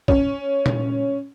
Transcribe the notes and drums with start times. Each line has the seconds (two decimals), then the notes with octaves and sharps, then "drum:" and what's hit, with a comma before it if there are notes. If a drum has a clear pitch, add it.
0.08 C#4, drum: kick
0.66 drum: tom A#2